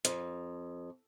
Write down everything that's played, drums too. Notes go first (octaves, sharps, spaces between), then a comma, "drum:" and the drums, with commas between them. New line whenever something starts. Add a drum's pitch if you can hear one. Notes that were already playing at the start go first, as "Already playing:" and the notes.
F2, drum: hi-hat